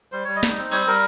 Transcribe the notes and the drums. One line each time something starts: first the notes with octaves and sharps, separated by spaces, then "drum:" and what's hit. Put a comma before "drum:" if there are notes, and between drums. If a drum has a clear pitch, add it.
G3 C5
G3 C#5
D#5
D#4, drum: snare
C4
G3 C#5, drum: cymbal
G3 A#4